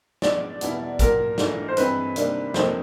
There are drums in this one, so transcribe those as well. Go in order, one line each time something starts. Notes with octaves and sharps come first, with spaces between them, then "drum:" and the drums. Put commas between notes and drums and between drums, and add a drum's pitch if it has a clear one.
C#3 F3 G#3 B3 D#4 D5, drum: snare
E2 B2 G3 B3 E4, drum: hi-hat
A#2 F#3 A#3 A#4, drum: kick G#1, hi-hat
G#2 E3 A3 D4 F4, drum: snare
C5
G2 E3 G#3 C4 B4, drum: hi-hat
C3 D#3 G3 A#3 D4, drum: hi-hat
F2 C3 F3 A#3 D#4 C5, drum: snare